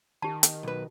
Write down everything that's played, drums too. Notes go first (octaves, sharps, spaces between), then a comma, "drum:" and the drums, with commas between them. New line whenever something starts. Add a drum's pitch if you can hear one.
D#3 G4 A5
drum: hi-hat
B1 B4